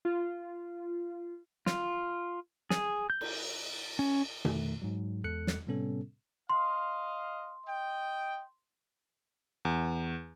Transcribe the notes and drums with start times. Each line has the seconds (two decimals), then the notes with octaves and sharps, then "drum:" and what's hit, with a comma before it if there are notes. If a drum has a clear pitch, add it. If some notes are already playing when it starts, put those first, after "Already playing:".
0.05 F4
1.66 F4, drum: snare
2.70 G#4, drum: snare
3.10 G6
3.21 drum: cymbal
3.99 C#4
4.45 F2 D#3 A3, drum: tom B2
4.82 G#2 F#3
5.24 E2 G#3 A4 F#6 C#7
5.47 drum: snare
5.67 A2 C3 G3 B3 C#4 A4
6.49 D#5 F5 C6
7.67 D#5 G5
9.65 E2